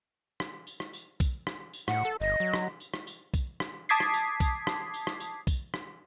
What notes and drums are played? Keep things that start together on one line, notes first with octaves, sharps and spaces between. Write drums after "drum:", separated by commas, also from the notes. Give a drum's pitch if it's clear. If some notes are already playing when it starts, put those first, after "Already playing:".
drum: rim click
drum: tambourine
drum: rim click
drum: tambourine
drum: kick B1, tambourine
drum: rim click
drum: tambourine
A2 F#5, drum: rim click
A4
G1 D#5
F#3
drum: rim click
drum: tambourine
drum: rim click
drum: tambourine
drum: kick B1, tambourine
drum: rim click
A5 D6 D#6 G#6 B6 C7, drum: tambourine
drum: rim click
drum: tambourine
drum: kick B1, tambourine
drum: rim click
drum: tambourine
drum: rim click
drum: tambourine
drum: kick B1, tambourine
drum: rim click